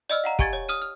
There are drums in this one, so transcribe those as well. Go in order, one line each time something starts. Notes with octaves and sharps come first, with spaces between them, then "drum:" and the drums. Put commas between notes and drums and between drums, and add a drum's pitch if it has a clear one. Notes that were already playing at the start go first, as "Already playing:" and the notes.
D5 D#5 E6 F6
F5 F#5 A#5
G4 G#5 C#6 G#6 A6, drum: kick
C#5
D#6 F6 D#7
F6